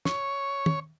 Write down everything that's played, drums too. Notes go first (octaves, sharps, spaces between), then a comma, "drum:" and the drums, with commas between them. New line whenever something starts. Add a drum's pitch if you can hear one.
C#5, drum: snare
drum: tom